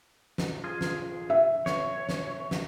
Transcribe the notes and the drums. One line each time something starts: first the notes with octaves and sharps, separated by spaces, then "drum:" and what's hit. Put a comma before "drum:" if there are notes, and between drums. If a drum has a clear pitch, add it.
drum: snare
F4 G#4
drum: snare
E5
C#5, drum: snare
drum: snare
drum: snare